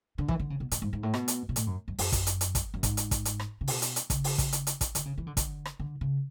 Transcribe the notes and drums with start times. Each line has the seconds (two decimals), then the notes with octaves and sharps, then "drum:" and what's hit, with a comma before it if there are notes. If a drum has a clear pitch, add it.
0.18 D3
0.28 E3, drum: kick
0.39 D3
0.50 C#3
0.60 B2
0.71 A2, drum: hi-hat
0.82 G#2
0.93 G#2
1.03 A2
1.14 B2, drum: rim click
1.28 drum: hi-hat
1.49 B2
1.56 A2, drum: hi-hat
1.67 F#2
1.88 F#2
1.98 F#2, drum: open hi-hat
2.12 drum: kick, hi-hat
2.27 drum: hi-hat
2.41 drum: hi-hat
2.55 drum: kick, hi-hat
2.74 F#2
2.83 G#2, drum: kick, hi-hat
2.97 drum: hi-hat
3.11 drum: kick, hi-hat
3.25 drum: hi-hat
3.40 drum: rim click
3.61 C#3
3.68 B2, drum: open hi-hat
3.82 drum: hi-hat
3.96 drum: hi-hat
4.10 C#3, drum: kick, hi-hat
4.24 drum: open hi-hat
4.38 drum: kick, hi-hat
4.52 drum: hi-hat
4.67 drum: hi-hat
4.81 drum: kick, hi-hat
4.95 D3, drum: hi-hat
5.06 C#3
5.18 E3
5.27 D3
5.37 D3, drum: kick, hi-hat
5.65 drum: rim click
5.79 D3
6.01 C#3